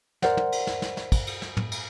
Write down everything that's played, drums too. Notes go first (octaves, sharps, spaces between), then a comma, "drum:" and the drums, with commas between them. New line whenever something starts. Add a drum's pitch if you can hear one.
A#4 C5 D5 F#5, drum: snare
drum: tom
drum: cymbal
drum: snare
drum: snare
drum: snare
drum: kick, cymbal
drum: cymbal
drum: snare
drum: tom
drum: cymbal